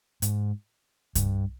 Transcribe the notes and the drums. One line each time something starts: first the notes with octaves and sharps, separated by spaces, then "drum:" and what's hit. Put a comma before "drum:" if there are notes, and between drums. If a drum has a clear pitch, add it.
G#2, drum: hi-hat
G2, drum: kick C2, hi-hat